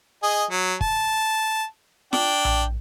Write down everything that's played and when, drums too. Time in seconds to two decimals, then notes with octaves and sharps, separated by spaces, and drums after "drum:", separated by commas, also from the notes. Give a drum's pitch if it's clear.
0.23 G#4 D#5
0.51 F#3
0.81 A5, drum: kick
2.13 D4 G5, drum: snare F4
2.45 drum: tom A#1